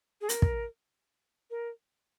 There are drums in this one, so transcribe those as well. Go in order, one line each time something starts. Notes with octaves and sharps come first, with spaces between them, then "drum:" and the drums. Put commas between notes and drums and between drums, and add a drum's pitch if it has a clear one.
G#4
A#4, drum: hi-hat
drum: kick
A#4